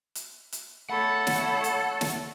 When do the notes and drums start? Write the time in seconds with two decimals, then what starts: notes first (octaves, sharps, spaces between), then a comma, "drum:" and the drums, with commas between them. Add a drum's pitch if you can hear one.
0.15 drum: hi-hat
0.53 drum: hi-hat
0.90 A3 A4 C#5 F#5 B5
1.27 drum: snare
1.64 drum: hi-hat
2.01 drum: snare